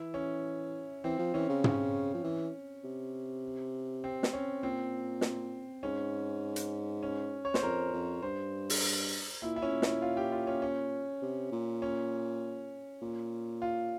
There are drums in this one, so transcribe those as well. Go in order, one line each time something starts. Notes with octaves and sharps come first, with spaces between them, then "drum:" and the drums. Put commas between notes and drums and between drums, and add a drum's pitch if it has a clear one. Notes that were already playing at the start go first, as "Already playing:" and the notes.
Already playing: E3 E4
C#4
E3 C4
F3
E3 C#4
C#3
C#4, drum: tom
F3
E3
C3
C4
drum: snare
C#4
A#2 C4
drum: snare
G#2 C#4
drum: hi-hat
C#4
C#5
C5, drum: snare
F2 A#4
F2
G2 C5
drum: open hi-hat
A#2 E4
E4
C#4
A#2
E4, drum: snare
F4
G4
F4
C#4
C#4
C3
A#2
C#4
A#2
F4